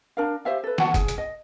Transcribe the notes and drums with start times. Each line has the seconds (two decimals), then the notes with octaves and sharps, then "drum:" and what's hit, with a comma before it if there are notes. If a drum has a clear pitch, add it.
0.17 D4 A#4 F5
0.45 G4 C5 E5 F5
0.64 A4 B4
0.78 F#4 F#5 A5, drum: snare D#3
0.94 G#4, drum: kick, hi-hat
1.08 drum: hi-hat
1.18 D#5